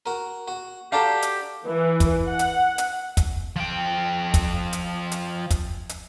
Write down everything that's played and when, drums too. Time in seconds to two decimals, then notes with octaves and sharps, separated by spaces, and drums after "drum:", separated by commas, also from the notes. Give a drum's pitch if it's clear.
0.06 F#4 A#4
0.48 F#4
0.92 D4 F#4 G4 A4 F5 A5 A#5
1.22 drum: hi-hat
1.67 E3
2.00 drum: kick, hi-hat
2.28 F#5
2.39 drum: hi-hat
2.78 drum: hi-hat
3.17 drum: kick, hi-hat
3.56 F3 G5
4.34 drum: kick, hi-hat
4.73 drum: hi-hat
5.12 drum: hi-hat
5.50 drum: kick, hi-hat
5.89 drum: hi-hat